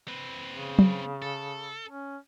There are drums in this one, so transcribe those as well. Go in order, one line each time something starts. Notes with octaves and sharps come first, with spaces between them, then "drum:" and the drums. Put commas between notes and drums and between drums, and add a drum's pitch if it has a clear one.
C4 B4
C#3
drum: tom F#3
A4
C#4